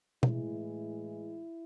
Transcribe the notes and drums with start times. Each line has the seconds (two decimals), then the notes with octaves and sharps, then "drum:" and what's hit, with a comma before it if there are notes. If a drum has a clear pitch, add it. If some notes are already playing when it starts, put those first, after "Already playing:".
0.23 A2 E3 G#3 E4, drum: tom